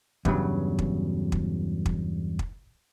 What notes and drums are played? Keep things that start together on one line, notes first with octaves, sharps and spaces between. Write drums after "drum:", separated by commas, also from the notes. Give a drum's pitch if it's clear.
E2 G2 C#3 F#3, drum: kick
drum: kick
drum: kick
drum: kick
drum: kick